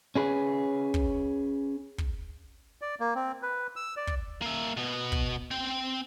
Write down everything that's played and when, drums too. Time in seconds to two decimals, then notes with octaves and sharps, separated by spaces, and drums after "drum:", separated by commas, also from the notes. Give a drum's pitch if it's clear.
0.15 C#4 G#4 B4
0.94 drum: kick
1.98 drum: kick
2.82 D5
3.00 A#3
3.15 C4
3.42 B4
3.76 E6
3.97 D5
4.07 drum: kick
4.42 A#3 E5
4.77 B2 B3
5.12 drum: kick
5.51 C4 G5